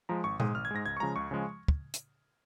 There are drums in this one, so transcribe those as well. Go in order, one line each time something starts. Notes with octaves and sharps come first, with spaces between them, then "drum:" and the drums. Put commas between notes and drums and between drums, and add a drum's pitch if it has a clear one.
F3 G#3 A#5
G#1 C#6
G#2 G#3 D#6, drum: tom A#2
G#1 F6
G#6
G#2 G#3 A#6
C#2 G#6
C#6
C#3 F3 G#3 A#5
C#2 C#6
C#3 F3 G#3
drum: kick
drum: hi-hat